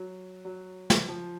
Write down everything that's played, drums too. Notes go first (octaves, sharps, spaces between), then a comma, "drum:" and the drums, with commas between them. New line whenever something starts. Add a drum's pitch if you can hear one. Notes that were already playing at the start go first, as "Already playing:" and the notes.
Already playing: F#3
F#3
drum: snare
F3